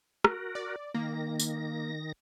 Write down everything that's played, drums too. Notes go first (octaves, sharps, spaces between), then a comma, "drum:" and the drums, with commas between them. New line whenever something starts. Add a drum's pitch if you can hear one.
F#4 A#4, drum: rim click
D5
D#3 A#3 A#6
drum: tambourine